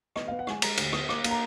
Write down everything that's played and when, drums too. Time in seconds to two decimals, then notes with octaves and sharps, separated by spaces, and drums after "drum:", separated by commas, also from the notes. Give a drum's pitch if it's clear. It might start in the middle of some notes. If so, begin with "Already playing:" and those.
0.16 B3 D#5, drum: rim click
0.28 B3 F5
0.39 F#5
0.47 G#3 G#5, drum: rim click
0.62 G#3 A#5, drum: cymbal
0.77 D2, drum: cymbal
0.93 B3 D#6, drum: rim click
1.09 A#3 D6, drum: rim click
1.24 A#3, drum: cymbal
1.31 A#5